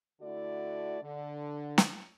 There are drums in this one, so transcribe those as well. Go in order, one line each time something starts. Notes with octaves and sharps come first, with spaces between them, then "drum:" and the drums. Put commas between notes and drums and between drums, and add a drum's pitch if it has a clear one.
D3 A3 E4 F#4 D5
D3
drum: snare